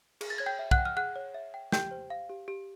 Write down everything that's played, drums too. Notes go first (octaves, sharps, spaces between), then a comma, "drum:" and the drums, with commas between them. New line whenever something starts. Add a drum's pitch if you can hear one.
G#4, drum: cymbal
A6
C#5 G#6
G5 G6
E5
F#5 F#6, drum: kick
G5
F6
G#4 F#5 F#6
C#5
E5
G5
G4 G5 G6, drum: snare
C5
F5
G4
G4